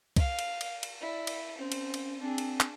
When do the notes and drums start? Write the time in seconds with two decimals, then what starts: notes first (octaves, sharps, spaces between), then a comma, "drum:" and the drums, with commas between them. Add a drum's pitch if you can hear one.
0.16 F5, drum: kick C2, cymbal
0.39 drum: cymbal
0.61 drum: cymbal
0.83 drum: cymbal
1.01 E4 D5
1.27 drum: cymbal
1.58 C4 C#4
1.72 drum: cymbal
1.94 drum: cymbal
2.20 C4 D4 G#4
2.38 drum: cymbal
2.60 drum: clap